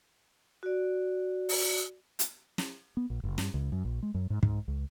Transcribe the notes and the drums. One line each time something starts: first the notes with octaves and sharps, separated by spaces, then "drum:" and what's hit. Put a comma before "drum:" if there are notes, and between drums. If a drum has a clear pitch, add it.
F#4 D5
drum: open hi-hat
drum: hi-hat
drum: snare
B3
A#1
F#1
G2, drum: snare
C#2
F#2
A#1
G#3
F#2
G#2
G#2, drum: kick
C#2